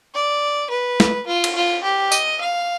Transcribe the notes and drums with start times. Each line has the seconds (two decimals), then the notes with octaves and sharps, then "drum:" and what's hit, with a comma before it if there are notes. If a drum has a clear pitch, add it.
0.15 D5
0.71 B4
1.00 drum: snare
1.27 F4
1.44 drum: cymbal
1.55 F4
1.84 G4
2.12 D#5, drum: tambourine
2.41 F5